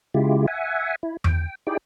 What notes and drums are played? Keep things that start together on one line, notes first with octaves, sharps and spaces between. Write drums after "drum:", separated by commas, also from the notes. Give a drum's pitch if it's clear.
C#3 G#3 E4 F4 G4
E5 F#5 G#5
E4
G5, drum: tom E2
D#4 E4 G4 G#4 D5 G5